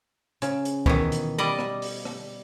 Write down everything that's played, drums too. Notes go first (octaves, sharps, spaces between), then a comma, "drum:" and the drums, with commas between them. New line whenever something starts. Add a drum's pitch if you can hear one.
C#3, drum: hi-hat
drum: hi-hat
B2 D#3 E3 C#5, drum: kick
drum: hi-hat
G3 D5 D#5 B5
drum: rim click
drum: open hi-hat
drum: rim click